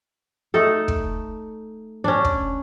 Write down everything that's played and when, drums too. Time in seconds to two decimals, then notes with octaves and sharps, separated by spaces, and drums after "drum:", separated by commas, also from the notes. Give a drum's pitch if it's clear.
0.54 A3 D#4 A4
0.88 drum: kick
2.04 C#4 D4
2.25 drum: kick